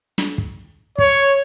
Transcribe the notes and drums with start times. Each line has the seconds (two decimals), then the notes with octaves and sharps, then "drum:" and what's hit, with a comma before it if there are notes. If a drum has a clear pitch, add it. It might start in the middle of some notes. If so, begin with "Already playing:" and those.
0.18 drum: snare
0.38 drum: kick
0.98 C#5, drum: kick